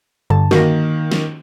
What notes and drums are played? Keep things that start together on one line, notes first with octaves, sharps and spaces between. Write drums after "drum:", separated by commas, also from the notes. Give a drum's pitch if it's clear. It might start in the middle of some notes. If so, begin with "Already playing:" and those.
G2 D3 A5
D#3 A#3 F#4 A#6, drum: snare
drum: snare